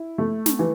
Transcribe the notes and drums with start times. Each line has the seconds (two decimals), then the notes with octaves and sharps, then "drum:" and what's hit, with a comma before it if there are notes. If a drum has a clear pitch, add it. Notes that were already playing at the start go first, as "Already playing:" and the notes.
Already playing: E4
0.18 A3
0.46 drum: snare
0.59 E3